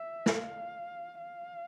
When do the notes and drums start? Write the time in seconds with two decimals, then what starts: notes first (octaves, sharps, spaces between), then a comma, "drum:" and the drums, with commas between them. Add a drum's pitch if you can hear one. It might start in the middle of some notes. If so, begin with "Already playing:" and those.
Already playing: E5
0.26 F5, drum: snare
1.20 F5